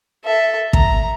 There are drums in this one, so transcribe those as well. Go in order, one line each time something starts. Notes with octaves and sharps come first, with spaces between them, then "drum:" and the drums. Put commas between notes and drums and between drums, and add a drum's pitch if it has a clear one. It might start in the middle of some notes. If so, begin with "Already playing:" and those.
A4 E5
A#5, drum: kick